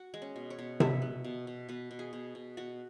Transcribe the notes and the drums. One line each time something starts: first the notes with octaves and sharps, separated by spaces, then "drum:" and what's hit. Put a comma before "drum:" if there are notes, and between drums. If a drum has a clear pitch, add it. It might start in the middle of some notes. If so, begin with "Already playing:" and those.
Already playing: F#4
G#3
C#4
B2
C#5
B2
B3 E5, drum: tom C3
B3
B2
B2
B2 B4
B2
G#4
B2
B2
B2 F#4